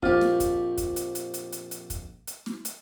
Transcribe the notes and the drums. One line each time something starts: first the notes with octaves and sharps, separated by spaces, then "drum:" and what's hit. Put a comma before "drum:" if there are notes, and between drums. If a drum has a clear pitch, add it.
A#1 F2 F4 G4, drum: kick
drum: snare
drum: kick, hi-hat
drum: kick, hi-hat
drum: hi-hat
drum: hi-hat
drum: hi-hat
drum: hi-hat
drum: hi-hat
drum: kick, hi-hat
drum: hi-hat
drum: snare
drum: hi-hat